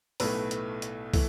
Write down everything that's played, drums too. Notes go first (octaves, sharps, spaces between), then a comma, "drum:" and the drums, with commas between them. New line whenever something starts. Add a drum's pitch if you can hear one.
B1 A2 A3 B4, drum: open hi-hat
drum: hi-hat
drum: hi-hat
E3 A3, drum: kick, open hi-hat